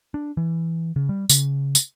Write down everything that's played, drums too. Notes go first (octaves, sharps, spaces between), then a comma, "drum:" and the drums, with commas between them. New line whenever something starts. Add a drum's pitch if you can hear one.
D4
E3
C#3
G3
C#3, drum: tambourine
drum: tambourine